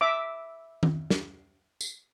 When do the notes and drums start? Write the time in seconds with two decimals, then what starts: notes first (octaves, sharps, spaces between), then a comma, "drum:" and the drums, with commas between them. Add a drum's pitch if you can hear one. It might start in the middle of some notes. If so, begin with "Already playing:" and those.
0.01 E5 D6
0.83 drum: tom D#3
1.10 drum: snare
1.81 drum: tambourine